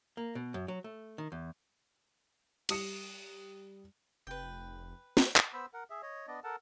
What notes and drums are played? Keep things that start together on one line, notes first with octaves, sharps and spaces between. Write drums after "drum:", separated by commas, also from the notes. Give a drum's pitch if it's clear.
A#3
B2
F#2
F#3
A3
D#3
E2
G3 D#6 C#7, drum: cymbal
F1 B4 G5
drum: snare
drum: clap
B3 C5 B5 E6
A#4 F#5
G#4 E5
C#5 D#5
B3 D4 D5 D#5
A4 A#4 F#5 A5